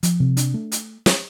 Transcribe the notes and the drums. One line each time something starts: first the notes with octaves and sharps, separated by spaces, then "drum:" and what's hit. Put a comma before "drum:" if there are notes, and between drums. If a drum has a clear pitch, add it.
F3, drum: hi-hat
C3
D4, drum: hi-hat
A3
drum: hi-hat
drum: snare